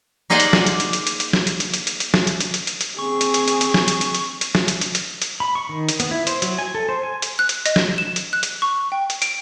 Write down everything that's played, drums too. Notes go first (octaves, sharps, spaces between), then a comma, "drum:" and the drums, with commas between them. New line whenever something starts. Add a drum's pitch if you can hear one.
A#3 D#4 G#4 C5 D5 F#5
drum: hi-hat
drum: snare
drum: hi-hat
drum: hi-hat
drum: hi-hat
drum: hi-hat
drum: hi-hat
drum: snare
drum: hi-hat
drum: hi-hat
drum: hi-hat
drum: hi-hat
drum: hi-hat
drum: snare
drum: hi-hat
drum: hi-hat
drum: hi-hat
drum: hi-hat
drum: hi-hat
C4 G#4 C#6
drum: hi-hat
drum: hi-hat
drum: hi-hat
drum: hi-hat
drum: snare
drum: hi-hat
drum: hi-hat
drum: hi-hat
drum: hi-hat
drum: snare
drum: hi-hat
drum: hi-hat
drum: hi-hat
drum: hi-hat
B5
C#6
D#3
drum: hi-hat
B3, drum: hi-hat
E4
C5, drum: hi-hat
F#3, drum: hi-hat
G#5
A4
C5
G#5
drum: hi-hat
F#6
drum: hi-hat
D#5, drum: hi-hat
drum: snare
E7
drum: hi-hat
F#6
drum: hi-hat
C#6
G5
drum: hi-hat
D7, drum: hi-hat